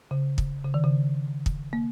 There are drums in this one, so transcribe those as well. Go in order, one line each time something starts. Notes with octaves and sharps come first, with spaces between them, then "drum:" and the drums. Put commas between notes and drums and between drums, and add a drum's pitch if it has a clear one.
C#3
drum: kick
C#3
D#3
C#3
drum: kick
A#3